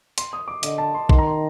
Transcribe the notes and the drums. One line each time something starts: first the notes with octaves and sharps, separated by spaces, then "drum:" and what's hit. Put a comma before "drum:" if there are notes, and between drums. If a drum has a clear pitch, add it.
C6, drum: hi-hat
D#6
D6
D3 D#5, drum: hi-hat
A5
C6
D#3 C6, drum: kick A#1
A#5
C6